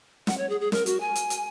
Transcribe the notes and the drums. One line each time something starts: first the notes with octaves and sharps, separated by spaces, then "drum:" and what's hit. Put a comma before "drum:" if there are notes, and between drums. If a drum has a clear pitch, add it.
F#5, drum: snare
C#5
G#4
G#4
A#4, drum: snare
F#4, drum: hi-hat
G#5
drum: hi-hat
drum: hi-hat